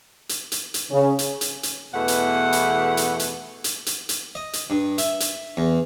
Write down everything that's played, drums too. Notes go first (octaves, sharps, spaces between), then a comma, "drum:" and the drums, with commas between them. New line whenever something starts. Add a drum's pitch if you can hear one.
drum: hi-hat
drum: hi-hat
drum: hi-hat
C#3
drum: hi-hat
drum: hi-hat
drum: hi-hat
E2 B2 E3 A3 F#5
drum: hi-hat
drum: hi-hat
drum: hi-hat
drum: hi-hat
drum: hi-hat
drum: hi-hat
drum: hi-hat
D#5
drum: hi-hat
G2
E5, drum: hi-hat
drum: hi-hat
E2